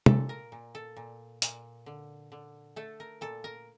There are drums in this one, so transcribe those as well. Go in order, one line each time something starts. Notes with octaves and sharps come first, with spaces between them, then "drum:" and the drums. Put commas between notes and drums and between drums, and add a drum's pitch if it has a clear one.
A#2 A4, drum: tom C3
A#4
A#2
A4
A#2
A#2, drum: hi-hat
D3
D3
A3 A4
A#4
A#2 A4
A#4